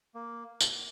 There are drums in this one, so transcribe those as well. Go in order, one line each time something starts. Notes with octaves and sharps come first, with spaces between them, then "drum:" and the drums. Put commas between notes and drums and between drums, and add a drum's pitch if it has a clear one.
A#3
drum: tambourine